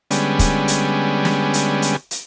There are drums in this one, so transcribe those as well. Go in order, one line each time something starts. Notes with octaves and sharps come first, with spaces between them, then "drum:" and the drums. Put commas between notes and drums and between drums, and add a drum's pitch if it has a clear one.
D3 G3 G#3 B3 C#4, drum: hi-hat
drum: kick, hi-hat
drum: hi-hat
drum: snare
drum: hi-hat
drum: hi-hat
drum: hi-hat